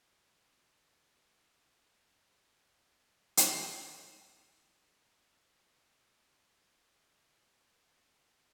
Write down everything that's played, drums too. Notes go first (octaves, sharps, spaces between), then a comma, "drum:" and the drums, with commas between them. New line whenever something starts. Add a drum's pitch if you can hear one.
A#3
G#3
F#3
F#3
C4
A#3
G#3
A#3
G#3
F#3
D#3
drum: hi-hat
C#3
C3
C3
C3
G#3
C4
A#3
F#3
F3
D#3